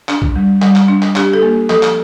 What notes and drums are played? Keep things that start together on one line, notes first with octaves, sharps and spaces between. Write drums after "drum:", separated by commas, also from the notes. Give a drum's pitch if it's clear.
D4, drum: clap
drum: kick
G3
G3, drum: clap
drum: clap
D4
drum: clap
D4 G4, drum: clap
A4
A#3
F3 A4, drum: clap
drum: clap